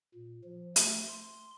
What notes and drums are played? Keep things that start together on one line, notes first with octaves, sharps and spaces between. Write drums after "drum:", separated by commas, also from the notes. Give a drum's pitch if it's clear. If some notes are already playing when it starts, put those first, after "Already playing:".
A#2
F3
A3, drum: hi-hat
C6